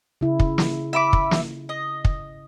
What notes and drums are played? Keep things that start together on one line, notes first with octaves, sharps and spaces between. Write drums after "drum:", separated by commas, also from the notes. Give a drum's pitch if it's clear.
C#3 E4
drum: kick
drum: snare
E5 B5 D6
drum: kick
drum: snare
D#5
drum: kick